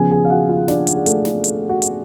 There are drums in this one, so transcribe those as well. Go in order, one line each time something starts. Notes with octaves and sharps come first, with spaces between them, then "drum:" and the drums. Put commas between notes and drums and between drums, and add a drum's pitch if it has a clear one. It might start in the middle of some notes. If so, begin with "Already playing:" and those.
Already playing: C#3 F3 B3 G#4 G#5
G#4 G#5
F5
F#4 F#5
F4 F5
D4 D5, drum: snare
drum: hi-hat
G#4
A3 A4, drum: hi-hat
drum: snare
drum: hi-hat
F#4
drum: hi-hat